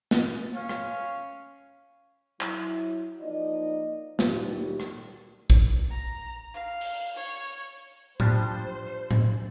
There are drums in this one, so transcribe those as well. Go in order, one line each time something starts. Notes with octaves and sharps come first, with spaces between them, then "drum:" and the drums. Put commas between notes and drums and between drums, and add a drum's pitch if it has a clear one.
drum: snare
C#4 F5
drum: rim click
F#3 E4, drum: clap
F3 A#3 D#4 D5 D#5
D2 A#2 D3 D#3 F#3 G3, drum: snare
drum: rim click
drum: kick
A#5
F5
drum: open hi-hat
C#5
F3 G3 D4 C5, drum: tom A2
drum: tom A2